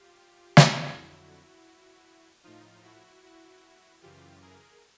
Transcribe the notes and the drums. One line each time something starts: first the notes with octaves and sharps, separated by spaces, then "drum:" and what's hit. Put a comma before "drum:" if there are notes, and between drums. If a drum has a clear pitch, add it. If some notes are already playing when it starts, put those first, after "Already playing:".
Already playing: F4 G4
drum: snare
F2 D3 F#3 E4 F#4
A2 F3 D#4 F4
E4 F#4
E4 F#4
F#2 C#3 E3 F4 G4
G#4 A#4